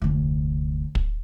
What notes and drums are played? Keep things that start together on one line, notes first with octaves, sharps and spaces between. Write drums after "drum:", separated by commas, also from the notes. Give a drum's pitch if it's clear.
F1 D2
drum: kick